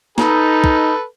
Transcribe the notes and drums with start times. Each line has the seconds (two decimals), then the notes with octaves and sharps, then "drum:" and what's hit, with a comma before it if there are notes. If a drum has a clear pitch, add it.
0.18 D#4 A4 B4, drum: snare
0.64 drum: kick